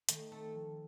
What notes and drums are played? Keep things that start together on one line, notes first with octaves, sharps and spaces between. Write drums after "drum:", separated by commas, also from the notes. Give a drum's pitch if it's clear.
D#3 A3, drum: hi-hat
A3 C4
F3